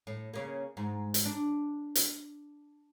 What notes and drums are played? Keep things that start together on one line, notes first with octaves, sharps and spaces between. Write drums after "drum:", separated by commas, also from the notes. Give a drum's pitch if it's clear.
A2
C#3 A#3
G#2
drum: hi-hat
D4
drum: hi-hat